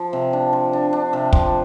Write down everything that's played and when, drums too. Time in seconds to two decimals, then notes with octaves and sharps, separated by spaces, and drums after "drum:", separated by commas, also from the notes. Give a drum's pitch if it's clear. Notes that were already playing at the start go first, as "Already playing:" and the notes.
Already playing: F3
0.13 C3
0.33 D4
0.53 F3
0.73 D4
0.93 D4
1.13 C3
1.33 F3, drum: kick